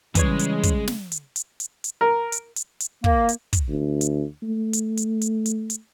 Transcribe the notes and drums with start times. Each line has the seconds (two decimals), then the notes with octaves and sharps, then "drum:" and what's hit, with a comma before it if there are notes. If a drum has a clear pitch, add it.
0.15 C#3 E3 G3 G#3 B4 C#5, drum: kick, hi-hat
0.39 drum: hi-hat
0.63 drum: kick, hi-hat
0.87 drum: snare
1.12 drum: hi-hat
1.36 drum: hi-hat
1.60 drum: hi-hat
1.84 drum: hi-hat
2.01 A#4
2.32 drum: hi-hat
2.56 drum: hi-hat
2.80 drum: hi-hat
3.04 A#3, drum: kick
3.29 drum: hi-hat
3.53 drum: kick, hi-hat
3.69 D2
4.01 drum: hi-hat
4.43 A3
4.73 drum: hi-hat
4.97 drum: hi-hat
5.21 drum: hi-hat
5.46 drum: hi-hat
5.70 drum: hi-hat